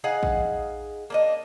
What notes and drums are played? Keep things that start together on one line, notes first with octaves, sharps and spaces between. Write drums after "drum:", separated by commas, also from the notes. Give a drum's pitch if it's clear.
D#4 G#4 F5 F#5
drum: kick A#1
A#3 D4 D#5